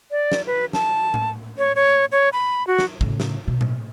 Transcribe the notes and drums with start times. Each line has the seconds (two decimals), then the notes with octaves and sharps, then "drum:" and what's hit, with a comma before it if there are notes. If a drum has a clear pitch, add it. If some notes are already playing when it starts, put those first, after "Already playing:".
0.11 D5
0.32 drum: snare
0.47 B4
0.73 A5, drum: snare
1.14 drum: tom A2
1.58 C#5
1.76 C#5
2.12 C#5
2.33 B5
2.67 F#4
2.79 drum: snare
3.01 A2 C#3, drum: kick
3.20 drum: snare
3.48 B2
3.61 drum: tom A2